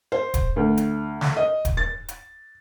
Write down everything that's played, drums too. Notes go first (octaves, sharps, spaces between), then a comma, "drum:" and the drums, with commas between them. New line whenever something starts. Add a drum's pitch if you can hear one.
C5
drum: kick, hi-hat
D2
drum: hi-hat
drum: snare
D#5
drum: kick, hi-hat
A6
drum: hi-hat